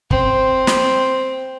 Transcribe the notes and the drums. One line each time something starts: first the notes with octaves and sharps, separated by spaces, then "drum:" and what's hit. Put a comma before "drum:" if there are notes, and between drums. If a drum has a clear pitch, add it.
C4, drum: kick
drum: snare